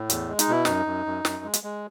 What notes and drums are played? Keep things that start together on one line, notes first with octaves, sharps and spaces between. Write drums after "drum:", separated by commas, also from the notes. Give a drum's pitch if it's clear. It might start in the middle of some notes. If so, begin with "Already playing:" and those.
Already playing: A2
E2, drum: hi-hat
G#3
D#4, drum: hi-hat
B2 E4
F#2 D#4, drum: snare
F#2
F#2
F#2, drum: snare
G#3
drum: hi-hat
G#3